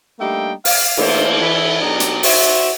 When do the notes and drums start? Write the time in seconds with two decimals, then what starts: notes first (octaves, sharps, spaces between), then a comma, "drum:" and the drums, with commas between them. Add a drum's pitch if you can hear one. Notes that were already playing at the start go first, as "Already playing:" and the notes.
0.19 G3 A3 A#3 D4 D#4 G5
0.65 F5, drum: open hi-hat
0.97 E3 A3 A#3 D4 E4 C5, drum: cymbal
1.40 E3 E4
1.81 B2 F#3 D4 D#4 G4 A#5
2.00 drum: hi-hat
2.23 F#4 C5 E5, drum: open hi-hat